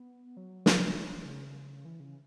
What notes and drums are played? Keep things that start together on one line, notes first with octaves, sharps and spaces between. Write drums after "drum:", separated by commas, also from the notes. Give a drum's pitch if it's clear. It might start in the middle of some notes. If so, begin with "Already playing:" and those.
Already playing: B3
F#3
C#3, drum: snare
C#3
E3
F#3
E3
C#3
E3
C#3